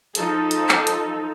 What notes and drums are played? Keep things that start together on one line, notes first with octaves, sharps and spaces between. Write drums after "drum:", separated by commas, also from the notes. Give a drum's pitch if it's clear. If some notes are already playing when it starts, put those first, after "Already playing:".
F3 D#4 A4, drum: hi-hat
drum: hi-hat
drum: clap
drum: hi-hat